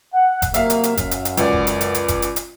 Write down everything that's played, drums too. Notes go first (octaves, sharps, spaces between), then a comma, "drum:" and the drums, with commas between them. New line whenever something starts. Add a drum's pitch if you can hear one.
F#5
drum: kick F#1, hi-hat
C3 F#3 A#3 E5 F5, drum: hi-hat
drum: hi-hat
drum: hi-hat
F#2, drum: kick F#1, hi-hat
drum: hi-hat
drum: hi-hat
C#2 D5, drum: hi-hat
drum: kick F#1
drum: hi-hat
drum: hi-hat
drum: hi-hat
drum: kick F#1, hi-hat
drum: hi-hat
drum: hi-hat